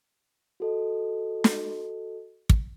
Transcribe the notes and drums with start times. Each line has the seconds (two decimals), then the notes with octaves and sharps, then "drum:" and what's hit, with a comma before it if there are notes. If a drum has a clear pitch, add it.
0.60 F#4 A4 D#5
1.44 drum: snare
2.49 drum: kick